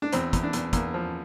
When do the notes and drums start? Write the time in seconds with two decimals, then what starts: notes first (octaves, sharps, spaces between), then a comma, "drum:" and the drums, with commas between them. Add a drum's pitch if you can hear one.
0.02 D4
0.12 E2 C4, drum: hi-hat
0.33 E2, drum: kick, hi-hat
0.43 D4
0.53 E2, drum: hi-hat
0.73 E2 A#3, drum: kick, hi-hat
0.94 F3